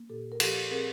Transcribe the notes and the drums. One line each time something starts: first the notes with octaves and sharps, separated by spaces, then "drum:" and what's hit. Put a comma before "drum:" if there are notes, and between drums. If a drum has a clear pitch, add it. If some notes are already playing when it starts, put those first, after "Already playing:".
Already playing: A#3
A#2 G4 A4
A#4
F3 G4 A4, drum: cymbal
C4 G#4 A#4